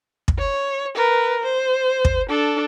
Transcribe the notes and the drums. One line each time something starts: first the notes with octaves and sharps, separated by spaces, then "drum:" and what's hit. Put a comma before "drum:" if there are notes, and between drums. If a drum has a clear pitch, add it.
drum: kick
C#5
A#4 B4
C5
drum: kick
D4 A4